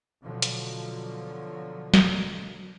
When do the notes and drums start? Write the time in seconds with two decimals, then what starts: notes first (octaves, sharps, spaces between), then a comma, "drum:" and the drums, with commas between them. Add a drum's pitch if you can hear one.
0.22 B2 D3 F3 F#3
0.42 drum: hi-hat
1.94 drum: snare